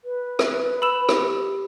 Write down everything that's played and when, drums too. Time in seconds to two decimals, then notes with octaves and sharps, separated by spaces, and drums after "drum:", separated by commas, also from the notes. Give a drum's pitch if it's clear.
0.04 B4
0.39 drum: rim click
0.82 B5 E6 E7
1.09 G4, drum: rim click